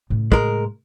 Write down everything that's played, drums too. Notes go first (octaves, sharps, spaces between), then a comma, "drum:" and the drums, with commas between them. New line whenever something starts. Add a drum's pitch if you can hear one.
A2 C#3
G#3 A#4, drum: kick